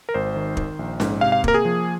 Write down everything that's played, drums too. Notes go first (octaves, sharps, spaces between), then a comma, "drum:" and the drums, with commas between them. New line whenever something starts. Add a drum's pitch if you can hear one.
A#4
G#1 C5
D#3
D#3, drum: kick
A#1
G#2, drum: snare C#4
C3 F5
F5
A#3 A#4, drum: kick
G#4
F3